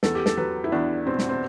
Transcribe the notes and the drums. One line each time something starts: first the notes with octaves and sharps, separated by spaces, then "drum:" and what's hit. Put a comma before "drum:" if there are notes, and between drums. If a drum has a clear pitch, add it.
E2 A4, drum: snare
G4
A4, drum: snare
F#3 B4
E4
E2 D4
B2 C4
drum: snare
C4